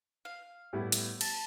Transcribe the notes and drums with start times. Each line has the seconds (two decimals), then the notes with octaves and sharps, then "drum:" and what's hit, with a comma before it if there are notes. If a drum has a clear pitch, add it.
0.25 F5
0.73 A2 G3 B3 E4 G4
0.92 drum: hi-hat
1.21 A5, drum: cymbal